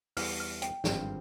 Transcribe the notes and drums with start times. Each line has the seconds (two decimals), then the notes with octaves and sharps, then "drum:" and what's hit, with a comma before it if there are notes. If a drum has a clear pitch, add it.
0.17 E2 E3 G3 F6, drum: open hi-hat
0.40 F6
0.62 G5, drum: hi-hat
0.84 G#1 G2 F3 C4, drum: snare